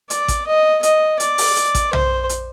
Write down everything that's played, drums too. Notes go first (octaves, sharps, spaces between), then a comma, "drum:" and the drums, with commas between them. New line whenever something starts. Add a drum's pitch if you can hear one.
D5, drum: hi-hat
drum: kick A1, hi-hat
D#5
D#5, drum: hi-hat
D5, drum: hi-hat
drum: open hi-hat
drum: hi-hat
drum: kick A1, hi-hat
C5, drum: tom B1
drum: hi-hat